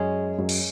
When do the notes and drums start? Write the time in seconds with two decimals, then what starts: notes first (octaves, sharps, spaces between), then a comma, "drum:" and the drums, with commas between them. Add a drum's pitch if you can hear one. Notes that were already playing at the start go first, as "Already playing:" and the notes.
Already playing: F#2 F#3 G#3 C#4 G#4
0.38 F#2 F#3
0.49 drum: cymbal